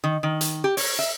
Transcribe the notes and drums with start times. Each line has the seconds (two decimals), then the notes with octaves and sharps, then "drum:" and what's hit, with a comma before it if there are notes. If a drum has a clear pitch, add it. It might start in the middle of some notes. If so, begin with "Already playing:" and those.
0.04 D#3
0.23 D#3
0.41 drum: hi-hat
0.64 G4
0.77 C#5, drum: open hi-hat
0.99 E5